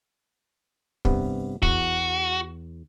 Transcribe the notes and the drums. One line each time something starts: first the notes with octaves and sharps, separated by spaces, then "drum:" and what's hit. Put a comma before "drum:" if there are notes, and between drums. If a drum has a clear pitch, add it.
G2 C3 B3, drum: kick
E2 F#4, drum: kick